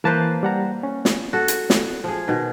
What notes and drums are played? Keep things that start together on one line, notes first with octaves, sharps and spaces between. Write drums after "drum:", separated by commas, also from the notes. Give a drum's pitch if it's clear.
E3 A#3 B4 C5 A5 A#5
G3 F#5 A#5
C#4
drum: snare
F#4 A4
drum: hi-hat
drum: snare
F3 G#4
B2 D#3